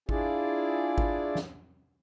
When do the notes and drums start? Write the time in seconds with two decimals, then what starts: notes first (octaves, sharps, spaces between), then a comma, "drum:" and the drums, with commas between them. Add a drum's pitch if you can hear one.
0.09 D4 E4 F4 G#4 D5, drum: kick G#1
0.98 drum: kick G#1
1.35 drum: snare